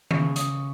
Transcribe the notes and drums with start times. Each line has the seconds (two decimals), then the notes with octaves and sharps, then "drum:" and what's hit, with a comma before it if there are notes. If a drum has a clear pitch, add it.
0.11 C#3 C#6, drum: tom D#3
0.36 C#3 D#6, drum: hi-hat